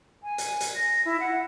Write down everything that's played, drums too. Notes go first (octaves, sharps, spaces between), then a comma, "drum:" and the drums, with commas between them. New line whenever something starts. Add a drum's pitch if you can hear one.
G#5
drum: hi-hat
drum: hi-hat
A#6
E4
F#5